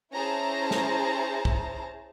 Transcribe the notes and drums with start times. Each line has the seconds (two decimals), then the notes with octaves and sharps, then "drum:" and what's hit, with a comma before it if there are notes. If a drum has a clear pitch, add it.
0.14 C#4 E4 G#4 C5 A5 A#5
0.71 drum: snare
1.45 drum: kick